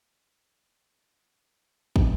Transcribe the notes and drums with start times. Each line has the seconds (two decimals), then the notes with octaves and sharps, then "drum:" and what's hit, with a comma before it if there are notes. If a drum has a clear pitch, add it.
0.02 E3 C6 E6 F#6
0.15 A3
0.79 F#5 D6
1.29 F#3 G#3 C#4 D#4 F4 F#4
1.96 drum: kick